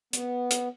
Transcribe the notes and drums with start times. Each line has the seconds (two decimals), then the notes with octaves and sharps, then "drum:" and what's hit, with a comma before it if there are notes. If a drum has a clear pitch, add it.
0.13 B3, drum: hi-hat
0.51 drum: hi-hat